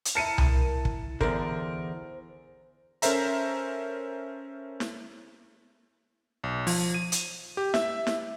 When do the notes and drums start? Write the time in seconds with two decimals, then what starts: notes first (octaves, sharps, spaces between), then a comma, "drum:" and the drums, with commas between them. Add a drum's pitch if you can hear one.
0.05 drum: hi-hat
0.15 E4 A#4 A5 C#7 D#7
0.38 drum: tom C2
0.85 drum: kick
1.21 E2 D3 A#4 C5, drum: kick
3.02 C#4 A4 A#4 C5 E5 A#5, drum: hi-hat
4.80 drum: snare
6.44 B1
6.67 F3, drum: open hi-hat
6.94 D#7
7.12 drum: hi-hat
7.57 G4
7.74 E5, drum: snare
8.07 drum: snare